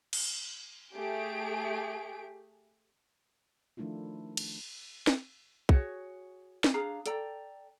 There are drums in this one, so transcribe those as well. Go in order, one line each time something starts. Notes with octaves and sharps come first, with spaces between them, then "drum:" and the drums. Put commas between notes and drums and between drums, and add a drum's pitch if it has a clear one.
drum: cymbal
A3 G4 G#4 D7
D#3 F3 A3 D4 E4 F4
drum: cymbal
drum: snare
F#4 G#4 C#5 F#5, drum: kick
drum: snare
D4 G#4 F5 A#5
A4 D5 G5 A#5, drum: hi-hat